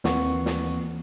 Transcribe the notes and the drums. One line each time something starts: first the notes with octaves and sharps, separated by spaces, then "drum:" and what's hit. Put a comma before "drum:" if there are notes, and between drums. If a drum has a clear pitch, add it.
D#2 E3 A#3 C4 F#5 C#6, drum: snare
drum: snare